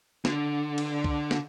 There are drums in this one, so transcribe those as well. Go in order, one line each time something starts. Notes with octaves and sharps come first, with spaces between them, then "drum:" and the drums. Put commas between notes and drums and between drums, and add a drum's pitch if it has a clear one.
D3, drum: snare
drum: cymbal
drum: kick C2
drum: snare